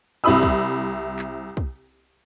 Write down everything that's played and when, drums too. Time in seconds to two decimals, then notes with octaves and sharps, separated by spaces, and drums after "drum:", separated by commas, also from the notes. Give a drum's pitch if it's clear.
0.24 C2 C4 E4 B5 D#6 E6
0.43 drum: kick
1.19 drum: clap
1.57 drum: kick